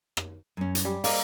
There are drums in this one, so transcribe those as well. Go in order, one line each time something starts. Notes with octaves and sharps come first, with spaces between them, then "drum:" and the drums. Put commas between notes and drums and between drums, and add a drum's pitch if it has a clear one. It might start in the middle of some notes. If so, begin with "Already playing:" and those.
drum: rim click
F#2 C#4
drum: hi-hat
G3
A#3 D5 D#5, drum: open hi-hat